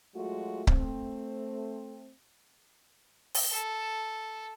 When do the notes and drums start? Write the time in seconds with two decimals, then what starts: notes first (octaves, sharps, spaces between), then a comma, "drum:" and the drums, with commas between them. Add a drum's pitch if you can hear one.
0.15 F#3 G#3 A3 F4 F#4
0.67 A3 C4, drum: kick C#1
3.34 drum: open hi-hat
3.51 A4